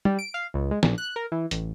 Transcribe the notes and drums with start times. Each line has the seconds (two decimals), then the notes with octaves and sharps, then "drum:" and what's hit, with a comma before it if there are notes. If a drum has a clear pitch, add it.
0.05 G3, drum: tom
0.19 D7
0.34 F5
0.54 C#2
0.71 G#3
0.83 A#1, drum: snare
0.98 F#6
1.16 A#4
1.32 E3
1.51 A1, drum: hi-hat